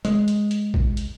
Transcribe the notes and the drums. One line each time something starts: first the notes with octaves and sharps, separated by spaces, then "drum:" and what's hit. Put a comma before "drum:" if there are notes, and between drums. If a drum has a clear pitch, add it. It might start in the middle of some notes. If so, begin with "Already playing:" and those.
G#3, drum: hi-hat
drum: hi-hat
drum: hi-hat
drum: kick A#1
drum: hi-hat